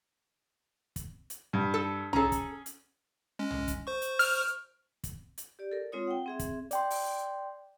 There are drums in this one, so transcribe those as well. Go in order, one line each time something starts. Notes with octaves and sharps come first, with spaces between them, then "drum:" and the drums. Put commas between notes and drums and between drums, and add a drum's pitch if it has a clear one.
drum: kick, hi-hat
drum: hi-hat
G2
A4
C#4 G#4 A4 A#5, drum: tom
drum: kick, hi-hat
drum: hi-hat
G#3 C#4
drum: tom
drum: kick, hi-hat
C5 C#6
drum: hi-hat
F6, drum: open hi-hat
drum: kick, hi-hat
drum: hi-hat
G4 D5
A4 A#4
G#3 C4 F4 C#5 D#6
F#5 G5
C4 G#4 E5
drum: kick, hi-hat
D5 G5 C6, drum: hi-hat
drum: open hi-hat